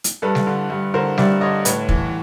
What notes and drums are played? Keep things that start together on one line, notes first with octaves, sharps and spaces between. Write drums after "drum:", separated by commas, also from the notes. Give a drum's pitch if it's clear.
drum: hi-hat
G2 A4 B4
drum: snare
D3
G2
D3 A#4 C5
G2 D5 E5, drum: snare
D3 C#5 D#5
A2 B4 C#5, drum: hi-hat
E3, drum: kick